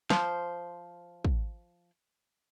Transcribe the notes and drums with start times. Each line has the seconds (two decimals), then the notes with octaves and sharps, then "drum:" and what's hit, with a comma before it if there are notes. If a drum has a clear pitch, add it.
0.10 F3 C5, drum: snare
1.25 drum: kick